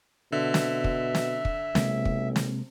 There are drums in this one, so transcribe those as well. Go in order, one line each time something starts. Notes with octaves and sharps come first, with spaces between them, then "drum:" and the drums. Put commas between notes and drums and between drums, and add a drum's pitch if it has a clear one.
B2 D3 E5
drum: snare
drum: kick
drum: snare
drum: kick
B1 C3 G#3 A#3, drum: snare
drum: kick
drum: snare